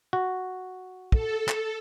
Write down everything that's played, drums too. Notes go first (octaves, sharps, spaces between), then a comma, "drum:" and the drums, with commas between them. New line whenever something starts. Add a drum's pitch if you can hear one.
F#4
A4, drum: kick
drum: clap